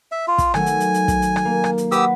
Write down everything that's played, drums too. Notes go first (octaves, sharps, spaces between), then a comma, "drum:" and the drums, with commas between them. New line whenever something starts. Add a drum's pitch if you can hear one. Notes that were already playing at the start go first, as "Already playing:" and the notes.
E5
F4
drum: kick, hi-hat
D#3 F#3 A3 G#5, drum: rim click
drum: hi-hat
drum: hi-hat
drum: hi-hat
drum: kick, hi-hat
drum: hi-hat
drum: rim click
A#3
drum: rim click
drum: hi-hat
G4 B4 F#5 D#6 E6, drum: hi-hat